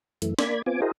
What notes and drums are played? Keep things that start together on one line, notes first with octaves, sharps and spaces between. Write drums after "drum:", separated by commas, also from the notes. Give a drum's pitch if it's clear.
F#2 E3 A3, drum: hi-hat
A#3 D5 B5 G#6, drum: snare
B3 C4 F4 G#5 D6
E4 F#4 G#4 A#4 C5 D#5